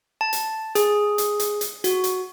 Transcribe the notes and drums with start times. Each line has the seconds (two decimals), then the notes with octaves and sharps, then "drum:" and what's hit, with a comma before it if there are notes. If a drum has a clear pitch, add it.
0.21 A5
0.33 drum: hi-hat
0.75 G#4, drum: hi-hat
1.18 drum: hi-hat
1.40 drum: hi-hat
1.61 drum: hi-hat
1.84 F#4, drum: hi-hat
2.04 drum: hi-hat